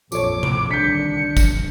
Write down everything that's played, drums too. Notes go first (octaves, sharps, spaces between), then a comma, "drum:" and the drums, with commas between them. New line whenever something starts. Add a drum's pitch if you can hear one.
A#1 F2 F3 A4 C#5 D6, drum: tambourine
drum: tom C3
C2 D3 D#3 D4 G6 B6 C#7
drum: kick, tambourine